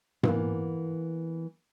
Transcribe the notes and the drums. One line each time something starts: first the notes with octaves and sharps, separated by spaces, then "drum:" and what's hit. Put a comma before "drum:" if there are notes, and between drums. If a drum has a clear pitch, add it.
E3 A#3 B3, drum: tom G#2